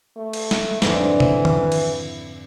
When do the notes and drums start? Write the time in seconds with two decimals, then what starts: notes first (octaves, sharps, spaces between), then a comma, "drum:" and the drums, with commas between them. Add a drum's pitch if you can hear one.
0.16 A3
0.33 drum: cymbal
0.51 drum: snare
0.82 F2 G#2 D3 E3, drum: snare
1.20 drum: tom C3
1.45 drum: tom D#3
1.72 drum: cymbal